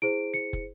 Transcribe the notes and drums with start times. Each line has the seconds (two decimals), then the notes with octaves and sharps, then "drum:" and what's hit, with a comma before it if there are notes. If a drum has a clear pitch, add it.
0.02 E4 G#4 C5 D7
0.34 C#7
0.53 drum: kick